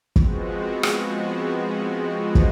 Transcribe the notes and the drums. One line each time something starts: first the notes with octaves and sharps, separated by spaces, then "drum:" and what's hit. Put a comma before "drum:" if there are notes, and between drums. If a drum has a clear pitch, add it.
F3 G#3 B3 C4 F#4, drum: kick
drum: rim click
drum: kick